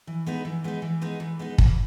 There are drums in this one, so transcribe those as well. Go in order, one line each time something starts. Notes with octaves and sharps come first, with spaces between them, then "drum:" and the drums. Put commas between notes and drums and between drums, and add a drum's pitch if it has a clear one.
E3
G#3 B3 D#4
E3
G#3 B3 D#4
E3
G#3 B3 D#4
E3
G#3 B3 D#4
E3, drum: kick